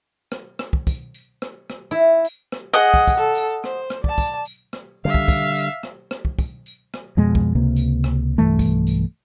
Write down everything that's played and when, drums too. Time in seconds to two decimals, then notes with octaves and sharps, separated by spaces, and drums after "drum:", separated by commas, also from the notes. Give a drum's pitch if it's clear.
0.32 drum: rim click
0.59 drum: rim click
0.73 drum: kick
0.87 drum: kick, tambourine
1.14 drum: tambourine
1.42 drum: rim click
1.70 drum: rim click
1.91 E4
2.25 drum: tambourine
2.52 drum: rim click
2.73 G#4 D#5 F#5
2.94 drum: kick
3.08 drum: kick, tambourine
3.17 A4
3.35 drum: tambourine
3.64 C5, drum: rim click
3.90 drum: rim click
4.04 D5 A5, drum: kick
4.18 drum: kick, tambourine
4.45 drum: tambourine
4.73 drum: rim click
5.05 D3 G3 E5 F5
5.14 drum: kick
5.28 drum: kick, tambourine
5.56 drum: tambourine
5.83 drum: rim click
6.11 drum: rim click
6.25 drum: kick
6.39 drum: kick, tambourine
6.66 drum: tambourine
6.94 drum: rim click
7.17 F2 B2 G#3
7.35 drum: kick
7.55 C#2 C3 A#3
7.76 drum: tambourine
8.04 drum: rim click
8.38 B1 G2 E3 A3
8.59 drum: kick, tambourine
8.87 drum: tambourine